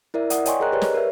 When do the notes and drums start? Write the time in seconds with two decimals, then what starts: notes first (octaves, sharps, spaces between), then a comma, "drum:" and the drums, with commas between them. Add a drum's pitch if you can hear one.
0.14 E4 A#4 D5 E5
0.30 D5 F#5 D#6, drum: hi-hat
0.45 C#5 D#5 G5 G#5 C6 C#6, drum: hi-hat
0.60 G#4 A#4 D#5 A#5 F#6
0.72 G4 B4 C#5 D5
0.82 drum: snare
0.94 A#4 B4 E5